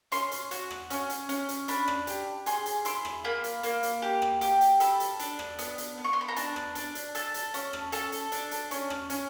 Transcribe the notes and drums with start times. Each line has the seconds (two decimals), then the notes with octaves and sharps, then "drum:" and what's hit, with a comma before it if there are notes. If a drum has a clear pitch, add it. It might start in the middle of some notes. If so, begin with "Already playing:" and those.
0.12 C#4 C6, drum: hi-hat
0.31 drum: hi-hat
0.51 F#4, drum: hi-hat
0.71 drum: rim click
0.90 C#4, drum: hi-hat
1.10 drum: hi-hat
1.29 C#4, drum: hi-hat
1.49 drum: hi-hat
1.68 D4 B5, drum: hi-hat
1.88 drum: rim click
2.07 G4, drum: hi-hat
2.46 G#4 C6, drum: hi-hat
2.66 drum: hi-hat
2.85 E4 C6, drum: hi-hat
3.05 drum: rim click
3.24 A#3 B5
3.44 drum: hi-hat
3.63 A#3, drum: hi-hat
3.83 drum: hi-hat
4.02 G4
4.22 drum: rim click
4.41 G4, drum: hi-hat
4.61 drum: hi-hat
4.80 A4 B5, drum: hi-hat
5.00 drum: hi-hat
5.19 D4, drum: hi-hat
5.39 drum: rim click
5.59 B3, drum: hi-hat
5.78 drum: hi-hat
5.97 B3
6.04 C#6
6.13 C6
6.21 B5
6.28 A#5
6.36 D4 A5, drum: hi-hat
6.56 drum: rim click
6.75 D4, drum: hi-hat
6.95 drum: hi-hat
7.15 A4 A5, drum: hi-hat
7.34 drum: hi-hat
7.54 C#4, drum: hi-hat
7.73 drum: rim click
7.92 A4 A5, drum: hi-hat
8.12 drum: hi-hat
8.32 D4, drum: hi-hat
8.51 drum: hi-hat
8.71 C#4, drum: hi-hat
8.90 drum: rim click
9.10 C#4, drum: hi-hat